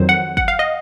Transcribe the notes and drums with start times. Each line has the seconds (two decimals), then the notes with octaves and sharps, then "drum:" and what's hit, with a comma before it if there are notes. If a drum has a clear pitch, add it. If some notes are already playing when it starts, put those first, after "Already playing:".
Already playing: F2 D#3 F#3 C5
0.09 F#5
0.37 F#5, drum: kick
0.48 F5
0.59 D#5